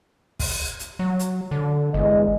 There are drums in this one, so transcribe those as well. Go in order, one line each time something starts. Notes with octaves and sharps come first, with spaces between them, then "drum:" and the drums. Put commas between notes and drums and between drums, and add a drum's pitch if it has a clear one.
drum: kick, open hi-hat
drum: hi-hat
F#3
drum: hi-hat
D3
G1 E2 G#3 D#5